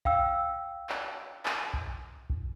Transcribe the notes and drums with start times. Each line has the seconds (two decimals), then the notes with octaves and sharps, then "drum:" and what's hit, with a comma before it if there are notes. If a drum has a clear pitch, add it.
0.05 F5 G5 E6, drum: kick B1
0.89 drum: clap
1.46 drum: clap
1.74 drum: kick B1
2.30 drum: kick B1